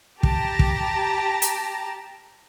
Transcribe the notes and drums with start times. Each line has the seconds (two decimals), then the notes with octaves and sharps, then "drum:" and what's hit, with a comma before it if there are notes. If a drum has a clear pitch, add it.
0.23 G4 A5 A#5, drum: kick
0.59 drum: kick
1.42 drum: hi-hat